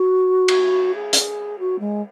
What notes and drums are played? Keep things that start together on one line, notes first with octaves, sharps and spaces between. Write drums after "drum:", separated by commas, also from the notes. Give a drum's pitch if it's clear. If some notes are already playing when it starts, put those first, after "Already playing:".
Already playing: F#4
drum: cymbal
G#4
drum: hi-hat
F#4
G#3